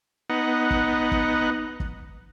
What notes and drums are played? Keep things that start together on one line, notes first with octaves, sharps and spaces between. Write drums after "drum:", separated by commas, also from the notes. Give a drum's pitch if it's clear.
B3 D#4 F#5
drum: kick
drum: kick
drum: kick